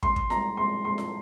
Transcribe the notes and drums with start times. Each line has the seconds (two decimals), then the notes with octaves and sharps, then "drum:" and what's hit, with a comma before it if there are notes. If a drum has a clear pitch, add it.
0.03 C6, drum: kick
0.16 drum: kick
0.30 A#5, drum: snare F4
0.57 C6
0.85 C6
0.98 drum: snare F4